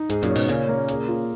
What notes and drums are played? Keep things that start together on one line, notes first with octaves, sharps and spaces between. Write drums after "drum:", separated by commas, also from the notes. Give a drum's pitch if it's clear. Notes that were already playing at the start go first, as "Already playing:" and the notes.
Already playing: D#4
G#2 G#4, drum: hi-hat
F#2 A#2, drum: hi-hat
C#4
G#2 B2, drum: open hi-hat
A#2 C#3 C#4, drum: hi-hat
A#3
G#4, drum: hi-hat
F4